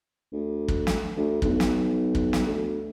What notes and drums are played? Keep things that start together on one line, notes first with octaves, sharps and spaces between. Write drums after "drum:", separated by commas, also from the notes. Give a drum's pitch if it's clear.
D2
drum: kick
drum: snare
D2
B1, drum: kick
drum: snare
drum: kick
drum: snare
D2